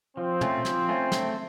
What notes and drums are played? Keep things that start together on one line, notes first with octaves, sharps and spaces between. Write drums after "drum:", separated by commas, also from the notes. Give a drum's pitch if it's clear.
F3 C4
A3 C#4 F4, drum: tom
F3, drum: snare
A3 C#4 F4
A3, drum: snare